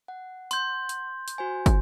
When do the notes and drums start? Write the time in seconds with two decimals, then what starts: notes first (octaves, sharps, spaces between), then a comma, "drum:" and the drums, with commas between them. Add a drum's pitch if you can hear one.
0.08 F#5
0.51 C6 G6, drum: hi-hat
0.89 drum: hi-hat
1.28 drum: hi-hat
1.38 F#4 C5 G#5
1.66 drum: kick, hi-hat